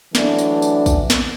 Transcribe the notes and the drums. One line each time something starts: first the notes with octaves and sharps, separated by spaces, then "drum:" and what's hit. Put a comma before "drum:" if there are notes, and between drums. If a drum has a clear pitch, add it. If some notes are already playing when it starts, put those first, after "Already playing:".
E3 F#3 A3 D4, drum: snare
drum: tambourine
drum: tambourine
drum: kick, tambourine
drum: snare